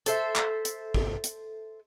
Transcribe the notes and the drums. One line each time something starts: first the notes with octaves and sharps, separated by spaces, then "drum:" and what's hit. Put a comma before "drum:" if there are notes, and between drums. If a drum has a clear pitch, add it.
A4 C5 E5, drum: hi-hat
drum: clap
drum: hi-hat
drum: kick
drum: hi-hat